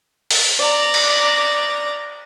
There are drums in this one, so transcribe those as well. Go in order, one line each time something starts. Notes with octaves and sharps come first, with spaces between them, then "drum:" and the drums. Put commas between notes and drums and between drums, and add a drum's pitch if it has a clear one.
drum: open hi-hat
D5 A#5
drum: cymbal